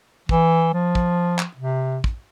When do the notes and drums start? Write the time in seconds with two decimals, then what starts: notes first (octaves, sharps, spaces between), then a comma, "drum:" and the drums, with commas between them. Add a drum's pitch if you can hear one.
0.29 E3, drum: kick
0.74 F3
0.95 drum: kick
1.39 drum: clap
1.56 C3
2.04 drum: kick